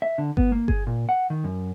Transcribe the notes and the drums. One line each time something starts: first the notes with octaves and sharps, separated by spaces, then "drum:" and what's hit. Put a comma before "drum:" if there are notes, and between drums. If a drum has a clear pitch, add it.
E5
D3
B3, drum: kick G1
A#3
G#4, drum: kick G1
A#2
F#5
D#3
F#2